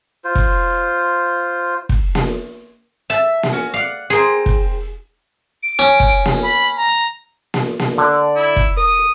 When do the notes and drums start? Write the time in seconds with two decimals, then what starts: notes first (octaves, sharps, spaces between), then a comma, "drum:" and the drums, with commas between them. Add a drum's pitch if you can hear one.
0.24 F4 C5
0.35 drum: kick
1.89 drum: kick
2.15 drum: snare A#3
3.10 E5 A5
3.43 drum: snare A#3
3.53 C#4 F#4
3.74 D5 F5 F#5
4.10 C4 G#4 A#4 C5
4.46 drum: kick
5.63 D7
5.79 C#4
6.00 drum: kick
6.25 drum: snare A#3
6.43 B5
6.77 A#5
7.54 drum: snare A#3
7.79 drum: snare A#3
7.98 D3 D5
8.36 E4
8.56 drum: kick
8.77 A#4 D#6